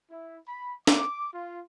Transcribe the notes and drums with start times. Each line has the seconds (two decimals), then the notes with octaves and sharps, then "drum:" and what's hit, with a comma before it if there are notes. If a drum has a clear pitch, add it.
0.11 E4
0.48 B5
0.87 D6, drum: snare
1.34 F4